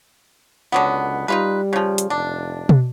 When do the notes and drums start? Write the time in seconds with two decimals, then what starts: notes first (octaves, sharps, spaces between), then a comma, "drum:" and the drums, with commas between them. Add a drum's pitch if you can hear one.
0.72 C#2 D3 F#3 B3
1.28 G3 D#4 F4 B4
1.73 C#3 F3
1.98 drum: hi-hat
2.10 F1 D4
2.69 drum: tom B2